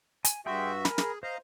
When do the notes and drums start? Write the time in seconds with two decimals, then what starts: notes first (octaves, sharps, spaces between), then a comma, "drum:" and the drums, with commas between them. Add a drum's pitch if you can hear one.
0.25 G#5, drum: hi-hat
0.46 G2 F#4 G#4 E5 G5 C6
0.85 A#4 G#5 B5, drum: snare
0.98 G#4, drum: snare
1.23 C5 D#5 F5 A#5